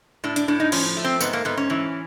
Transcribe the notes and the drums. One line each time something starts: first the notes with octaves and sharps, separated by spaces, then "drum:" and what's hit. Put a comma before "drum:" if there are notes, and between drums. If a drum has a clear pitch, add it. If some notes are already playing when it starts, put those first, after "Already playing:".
A2 D4
D4, drum: hi-hat
A2 D4
D#4
F3 C#4, drum: cymbal
A3
C4
G#2 B3, drum: tambourine
A#3
G#2 B3
C#4
E3